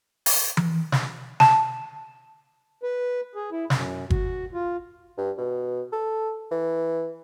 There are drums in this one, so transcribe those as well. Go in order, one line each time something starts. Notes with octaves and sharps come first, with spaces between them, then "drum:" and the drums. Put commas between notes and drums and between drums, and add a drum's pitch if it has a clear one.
drum: open hi-hat
drum: tom E3
drum: snare
A5, drum: snare
B4
G#4
E4
F#2, drum: snare
F#4, drum: kick G1
F4
G2
B2
A4
E3